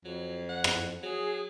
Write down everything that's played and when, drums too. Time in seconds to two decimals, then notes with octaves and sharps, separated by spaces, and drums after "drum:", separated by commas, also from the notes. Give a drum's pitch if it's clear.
0.05 F2 F#3
0.49 F#5
0.64 drum: rim click
1.03 F#3 G#4